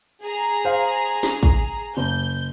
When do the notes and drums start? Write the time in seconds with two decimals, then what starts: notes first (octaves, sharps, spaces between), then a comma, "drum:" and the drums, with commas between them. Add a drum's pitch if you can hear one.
0.22 G#4 A#5
0.65 C5 F5
1.23 drum: snare
1.43 drum: kick
1.97 F#1 G6